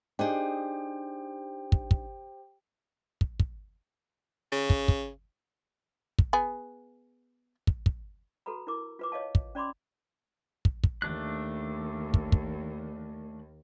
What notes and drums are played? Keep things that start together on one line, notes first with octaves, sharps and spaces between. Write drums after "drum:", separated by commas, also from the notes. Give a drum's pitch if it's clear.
D4 D#4 G4 G#4 C5 G5
drum: kick
drum: kick
drum: kick
drum: kick
C#3
drum: kick
drum: kick
drum: kick
B3 G#4
drum: kick
drum: kick
F#4 A4 B4 A#5 B5
E4 A#4 D6
F4 B4 D6
C#5 D#5 F5 A5
drum: kick
C#4 D5 B5 C6 D6
drum: kick
drum: kick
D#2 A3 D4 F#6
drum: kick
drum: kick